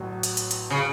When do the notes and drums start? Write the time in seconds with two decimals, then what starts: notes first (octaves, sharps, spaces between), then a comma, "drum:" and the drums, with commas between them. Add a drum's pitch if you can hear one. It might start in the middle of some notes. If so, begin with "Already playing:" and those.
Already playing: A1 A2 F#3
0.23 drum: hi-hat
0.37 drum: hi-hat
0.51 drum: hi-hat
0.70 C#3